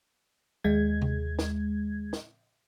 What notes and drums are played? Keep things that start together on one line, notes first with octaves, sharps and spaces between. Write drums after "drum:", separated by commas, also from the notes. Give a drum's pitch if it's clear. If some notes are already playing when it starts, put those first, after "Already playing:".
D#2 G#3 G#6
drum: tom C3
drum: snare
drum: snare